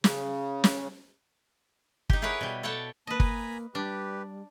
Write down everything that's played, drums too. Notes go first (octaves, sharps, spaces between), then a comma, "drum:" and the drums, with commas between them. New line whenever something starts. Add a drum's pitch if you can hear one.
C#3, drum: snare
drum: snare
D#4 G4, drum: kick G1
E4 G#4 A#4 B4 C#5 F#5
B2 G3
A4 C#5 D5 F#5 G5 A5
A#3 B4 D#5 A5
G#5 A#5 B5, drum: kick G1
G3 D4 G4 B4